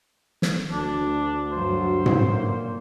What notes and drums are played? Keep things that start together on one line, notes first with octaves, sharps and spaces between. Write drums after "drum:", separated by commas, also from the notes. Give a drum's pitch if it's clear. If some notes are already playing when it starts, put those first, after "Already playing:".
drum: snare
D2 D4
G2 F#3 C5
drum: tom G#2
A#2